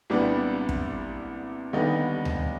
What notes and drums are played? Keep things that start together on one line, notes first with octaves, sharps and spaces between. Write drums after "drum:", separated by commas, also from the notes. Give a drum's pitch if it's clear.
C2 A#2 G3 B3 D4
drum: kick
D#2 D3 G3 B3 D#4
drum: tom D2